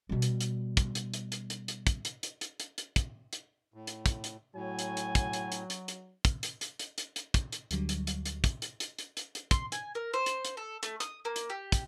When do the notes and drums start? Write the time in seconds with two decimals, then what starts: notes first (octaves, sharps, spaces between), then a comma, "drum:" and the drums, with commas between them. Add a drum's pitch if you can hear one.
0.09 B2 G3
0.22 drum: hi-hat
0.41 drum: hi-hat
0.77 drum: kick, hi-hat
0.95 drum: hi-hat
1.14 drum: hi-hat
1.32 drum: hi-hat
1.50 drum: hi-hat
1.68 drum: hi-hat
1.87 drum: kick, hi-hat
2.05 drum: hi-hat
2.23 drum: hi-hat
2.41 drum: hi-hat
2.60 drum: hi-hat
2.78 drum: hi-hat
2.96 drum: kick, hi-hat
3.33 drum: hi-hat
3.74 A2
3.87 drum: hi-hat
4.06 drum: kick, hi-hat
4.24 drum: hi-hat
4.55 A2 F#3 G#5
4.79 drum: hi-hat
4.97 drum: hi-hat
5.15 drum: kick, hi-hat
5.33 drum: hi-hat
5.52 drum: hi-hat
5.70 drum: hi-hat
5.88 drum: hi-hat
6.25 drum: kick, hi-hat
6.43 drum: hi-hat
6.61 drum: hi-hat
6.79 drum: hi-hat
6.98 drum: hi-hat
7.16 drum: hi-hat
7.34 drum: kick, hi-hat
7.52 drum: hi-hat
7.71 D2 D3 F#3 G3, drum: hi-hat
7.89 drum: hi-hat
8.07 drum: hi-hat
8.25 drum: hi-hat
8.44 drum: kick, hi-hat
8.62 drum: hi-hat
8.80 drum: hi-hat
8.99 drum: hi-hat
9.17 drum: hi-hat
9.35 drum: hi-hat
9.51 C6, drum: kick, hi-hat
9.72 G#5, drum: hi-hat
9.95 A#4
10.14 C5
10.26 drum: hi-hat
10.45 drum: hi-hat
10.57 A4
10.83 A3, drum: hi-hat
11.00 D#6, drum: hi-hat
11.25 A#3
11.36 drum: hi-hat
11.50 G4
11.72 drum: kick, hi-hat